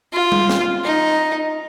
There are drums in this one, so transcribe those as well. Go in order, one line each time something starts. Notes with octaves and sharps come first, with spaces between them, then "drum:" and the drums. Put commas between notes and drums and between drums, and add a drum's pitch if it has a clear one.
F4
drum: tom G3
drum: snare
D#4